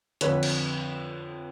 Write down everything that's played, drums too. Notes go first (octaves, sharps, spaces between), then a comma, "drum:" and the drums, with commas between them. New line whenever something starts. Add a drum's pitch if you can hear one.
F2 D3 B4 C#5, drum: hi-hat
drum: cymbal